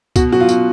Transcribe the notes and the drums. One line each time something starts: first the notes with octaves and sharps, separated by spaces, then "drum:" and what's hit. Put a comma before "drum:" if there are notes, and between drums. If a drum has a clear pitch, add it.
B2 F#4, drum: kick, tambourine
F#3 F#4
F4
B2 F#4, drum: tambourine